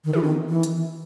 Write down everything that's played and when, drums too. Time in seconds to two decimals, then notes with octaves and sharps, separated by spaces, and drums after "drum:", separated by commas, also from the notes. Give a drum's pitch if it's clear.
0.05 D#3
0.13 E3, drum: tom
0.23 D#3
0.49 E3
0.63 drum: hi-hat